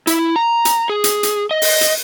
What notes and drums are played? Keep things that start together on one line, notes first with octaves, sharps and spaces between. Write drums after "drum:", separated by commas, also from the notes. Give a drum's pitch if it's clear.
E4, drum: hi-hat
A#5
drum: hi-hat
G#4
drum: hi-hat
drum: hi-hat
D#5
drum: open hi-hat
drum: hi-hat